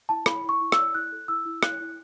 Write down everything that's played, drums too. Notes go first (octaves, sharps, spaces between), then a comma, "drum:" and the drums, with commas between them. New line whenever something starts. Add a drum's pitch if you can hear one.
E4 A5
E4 B5, drum: rim click
E4
C#6
E4
E6, drum: rim click
D5
E4 F#6
A4
E4 E6
E4
E4 F#6, drum: rim click
E4